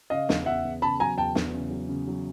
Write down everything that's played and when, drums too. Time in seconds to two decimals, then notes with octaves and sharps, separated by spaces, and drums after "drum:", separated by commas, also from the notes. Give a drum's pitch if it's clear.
0.10 C#3 D#5 F5
0.29 E2, drum: snare
0.46 E2 E5 F#5
0.65 E2
0.82 C#3 A5 B5
1.00 F#3 G#5 A#5
1.18 E2 G5 A5
1.35 E2, drum: snare
1.54 C#3
1.71 F#3
1.89 C#3
2.08 F#3